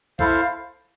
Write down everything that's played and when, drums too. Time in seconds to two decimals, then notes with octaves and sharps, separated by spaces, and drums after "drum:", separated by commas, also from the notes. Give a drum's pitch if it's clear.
0.19 E4 A4 C5 F5, drum: kick